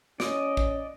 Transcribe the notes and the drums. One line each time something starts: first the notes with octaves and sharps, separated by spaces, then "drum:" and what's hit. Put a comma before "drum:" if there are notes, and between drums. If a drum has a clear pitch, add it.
C#4 D5 D#5, drum: snare
drum: kick